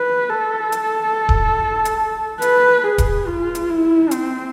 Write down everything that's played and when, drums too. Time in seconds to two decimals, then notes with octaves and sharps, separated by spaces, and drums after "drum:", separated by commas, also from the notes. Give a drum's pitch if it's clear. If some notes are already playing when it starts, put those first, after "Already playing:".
Already playing: B4
0.30 A4
0.72 drum: hi-hat
1.29 drum: kick D1
1.85 drum: hi-hat
2.42 B4, drum: hi-hat
2.84 G#4
2.98 drum: kick D1, hi-hat
3.27 F4
3.55 drum: hi-hat
3.69 E4
4.11 C4, drum: hi-hat